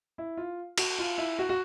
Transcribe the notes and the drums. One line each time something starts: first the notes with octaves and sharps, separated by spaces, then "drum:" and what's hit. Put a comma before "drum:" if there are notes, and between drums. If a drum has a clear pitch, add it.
E4
F4
F#4, drum: cymbal
F4
E4
F#4
F#4